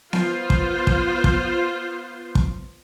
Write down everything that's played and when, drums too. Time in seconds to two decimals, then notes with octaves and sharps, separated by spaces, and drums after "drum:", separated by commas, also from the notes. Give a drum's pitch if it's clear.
0.13 B3 F4 C5, drum: snare B3
0.50 drum: kick
0.87 drum: kick
1.24 drum: kick
2.35 drum: kick